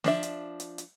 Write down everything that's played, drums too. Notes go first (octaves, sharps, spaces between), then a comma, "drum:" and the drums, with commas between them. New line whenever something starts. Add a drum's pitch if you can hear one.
F3 D4 E5, drum: snare
drum: hi-hat
drum: hi-hat
drum: hi-hat